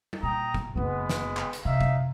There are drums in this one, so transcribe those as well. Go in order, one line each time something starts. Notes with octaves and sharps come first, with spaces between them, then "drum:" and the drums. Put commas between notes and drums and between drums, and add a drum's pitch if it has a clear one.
drum: tom G3
A#2 G5 A#5 D#6
drum: kick
F#1 G#3 B3 C#4
drum: snare
drum: clap
drum: hi-hat
C3 D#4 E5 F5
drum: kick